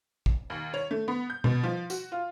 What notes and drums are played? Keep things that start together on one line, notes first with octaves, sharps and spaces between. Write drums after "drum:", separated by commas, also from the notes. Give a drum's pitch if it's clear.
drum: kick
D#2
C#5
A3
B3
G6
B2, drum: tom
F3
F#4, drum: tambourine
F4